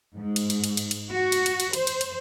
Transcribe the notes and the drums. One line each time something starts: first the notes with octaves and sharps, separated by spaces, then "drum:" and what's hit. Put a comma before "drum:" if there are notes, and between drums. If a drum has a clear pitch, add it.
G#2
drum: cymbal
drum: cymbal
drum: cymbal
drum: cymbal
drum: cymbal
F#4
drum: cymbal
drum: cymbal
drum: cymbal
C5, drum: cymbal
drum: cymbal
drum: cymbal